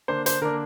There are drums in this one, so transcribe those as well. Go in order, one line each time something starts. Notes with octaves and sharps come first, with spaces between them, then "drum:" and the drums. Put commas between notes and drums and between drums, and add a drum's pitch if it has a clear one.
D3 A#3 D4 C5
C5, drum: hi-hat
D3 A#3 D4 A#4